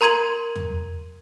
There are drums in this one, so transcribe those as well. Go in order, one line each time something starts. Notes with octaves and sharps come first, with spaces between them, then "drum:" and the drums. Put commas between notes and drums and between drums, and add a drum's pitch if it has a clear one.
A#4 A#5 C6 G#6 D#7 F#7
drum: tom